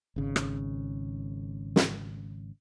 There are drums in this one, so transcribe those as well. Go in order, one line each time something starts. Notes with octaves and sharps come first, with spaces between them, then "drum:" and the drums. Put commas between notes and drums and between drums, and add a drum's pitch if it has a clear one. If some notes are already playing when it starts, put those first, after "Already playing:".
G#1 C#3
drum: rim click
drum: snare